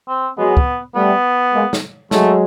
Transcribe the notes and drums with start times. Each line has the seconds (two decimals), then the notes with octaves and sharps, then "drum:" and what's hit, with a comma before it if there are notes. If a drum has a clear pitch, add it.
0.08 C4
0.37 F#3 G#3 B3
0.57 drum: kick
0.95 G3 A3 B3
1.53 G#3 A#3
1.73 drum: snare
2.11 F#3 G#3 A3, drum: snare